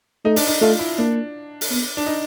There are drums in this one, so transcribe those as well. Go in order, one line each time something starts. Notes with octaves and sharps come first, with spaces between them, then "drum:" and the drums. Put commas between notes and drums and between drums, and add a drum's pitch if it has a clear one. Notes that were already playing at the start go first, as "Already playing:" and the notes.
A3 D#4
D4, drum: open hi-hat
D#4
A3 F4
E4
A#3 D4
drum: open hi-hat
B3
D4
D#4